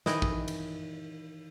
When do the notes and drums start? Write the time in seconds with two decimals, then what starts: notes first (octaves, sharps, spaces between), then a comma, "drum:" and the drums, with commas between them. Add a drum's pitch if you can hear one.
0.06 D#3 E3 E4 D#5, drum: snare
0.22 drum: kick
0.48 drum: cymbal